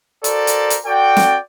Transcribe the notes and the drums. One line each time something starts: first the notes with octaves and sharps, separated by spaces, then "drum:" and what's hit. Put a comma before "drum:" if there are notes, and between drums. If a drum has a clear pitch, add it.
F#4 A4 A#4 C5 D5, drum: hi-hat
drum: hi-hat
drum: hi-hat
F#4 A4 D5 G5
drum: snare